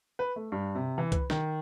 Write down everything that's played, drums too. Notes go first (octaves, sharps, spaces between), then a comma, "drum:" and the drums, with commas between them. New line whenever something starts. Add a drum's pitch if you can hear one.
B4
A3
G2
C3
E3
B4, drum: kick, hi-hat
D#3, drum: snare